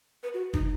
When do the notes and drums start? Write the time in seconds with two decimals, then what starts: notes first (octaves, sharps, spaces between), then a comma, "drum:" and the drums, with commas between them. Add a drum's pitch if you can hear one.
0.23 B4
0.34 F#4
0.54 D#4, drum: kick F#1